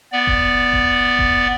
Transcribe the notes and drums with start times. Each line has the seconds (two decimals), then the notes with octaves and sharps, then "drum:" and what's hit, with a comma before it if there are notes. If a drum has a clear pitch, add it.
0.12 B3 D5
0.27 drum: kick F1
0.73 drum: kick F1
1.19 drum: kick F1